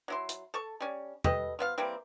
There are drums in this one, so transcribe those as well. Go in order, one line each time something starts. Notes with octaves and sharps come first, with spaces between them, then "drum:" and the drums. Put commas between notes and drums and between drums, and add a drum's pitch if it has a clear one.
F#3 E4 C6
drum: hi-hat
A4 A5 C#6
G3 C#4
G4 A4 B4 D#5, drum: tom
F3 B3 F5
E3 G3 A#3 C4